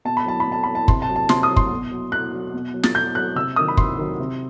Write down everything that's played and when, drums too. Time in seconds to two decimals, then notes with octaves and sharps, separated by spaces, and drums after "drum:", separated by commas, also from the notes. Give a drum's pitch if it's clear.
0.05 B2 A5
0.17 B5
0.26 F#3 A5
0.40 B5
0.47 B2
0.52 A5
0.64 F#3 B5
0.75 A5
0.88 C3 C6, drum: kick
1.02 A5
1.09 F#3
1.16 A5
1.29 C3 C6, drum: snare
1.43 D#6
1.49 F#3
1.56 C6, drum: kick
1.71 B2
1.91 F#3
2.12 B2 F#6
2.33 F#3
2.54 B2
2.74 F#3
2.83 A6, drum: snare
2.95 B2 G6
3.15 F#3 F#6
3.35 C3 E6
3.56 D#3 F#3 D#6
3.68 B5
3.77 C3 C6, drum: kick
3.98 D#3 F#3
4.19 C3